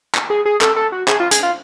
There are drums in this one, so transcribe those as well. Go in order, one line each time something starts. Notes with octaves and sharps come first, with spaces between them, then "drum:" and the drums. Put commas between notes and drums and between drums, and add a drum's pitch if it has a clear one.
drum: clap
G#4
G#4
A4, drum: clap
A4
F#4
G#4, drum: clap
F4
G#4, drum: hi-hat
F4